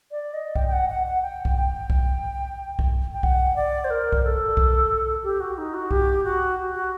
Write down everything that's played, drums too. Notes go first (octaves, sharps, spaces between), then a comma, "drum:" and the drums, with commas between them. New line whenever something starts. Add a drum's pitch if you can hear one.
D5
D#5
G5, drum: kick B1
G5
F#5
F#5
F#5
G5
drum: kick B1
G5
drum: kick B1
drum: kick B1
G5
F#5, drum: kick B1
D5
C5
A#4
drum: kick B1
A4
drum: kick B1
G4
F#4
D#4
F#4
G4, drum: kick B1
F#4
F#4